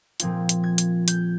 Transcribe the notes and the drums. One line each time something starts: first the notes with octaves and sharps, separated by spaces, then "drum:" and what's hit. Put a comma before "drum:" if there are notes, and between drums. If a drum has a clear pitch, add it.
A#2 F3 C4 F4 G#6, drum: hi-hat
drum: hi-hat
G#6
drum: hi-hat
G6, drum: hi-hat